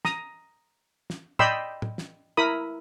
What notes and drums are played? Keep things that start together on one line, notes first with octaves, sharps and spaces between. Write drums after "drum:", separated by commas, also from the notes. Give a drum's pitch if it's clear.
A#5 D#6, drum: snare
drum: snare
D5 D#5 G5 B5 C6 E6, drum: tom
drum: tom
drum: snare
E4 A#4 B5 D#6